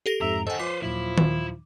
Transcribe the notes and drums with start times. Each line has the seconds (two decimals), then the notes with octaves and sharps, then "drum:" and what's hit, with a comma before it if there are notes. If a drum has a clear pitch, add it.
0.06 G4 A4 A#6
0.22 F2 G#2 G#3 E5 A#5
0.47 D#3 A4 C5 D#5 F#5 G#5
0.59 F3 B4 C5 D6 B6
0.82 D#2 A#2 F3 F#3 E4
1.18 drum: tom D#3